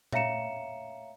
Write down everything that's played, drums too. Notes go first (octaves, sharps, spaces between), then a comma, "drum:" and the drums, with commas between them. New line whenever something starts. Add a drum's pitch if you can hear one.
C#5 E5 F5 A#5 C#7 E7, drum: tom A#2